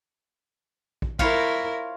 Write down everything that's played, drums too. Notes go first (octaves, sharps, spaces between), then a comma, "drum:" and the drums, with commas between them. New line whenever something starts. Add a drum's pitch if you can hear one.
drum: kick
E4 F4 A#4 C5 C#5, drum: kick